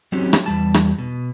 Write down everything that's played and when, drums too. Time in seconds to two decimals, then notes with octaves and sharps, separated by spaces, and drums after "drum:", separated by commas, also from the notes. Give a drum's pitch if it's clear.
0.12 F#3 C4 C#4 D#4 F#4 G4
0.33 drum: rim click
0.46 E2 G3 A5
0.74 drum: rim click
0.99 B2